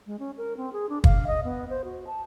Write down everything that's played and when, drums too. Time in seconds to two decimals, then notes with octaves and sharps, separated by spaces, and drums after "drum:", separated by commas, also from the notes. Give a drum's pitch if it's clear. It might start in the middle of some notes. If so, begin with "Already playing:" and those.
0.07 G#3
0.19 C#4
0.37 A#4
0.57 C4
0.73 G#4
0.89 D4
1.04 F5, drum: kick
1.27 D#5
1.44 B3
1.70 C5
1.84 F#4
2.07 A5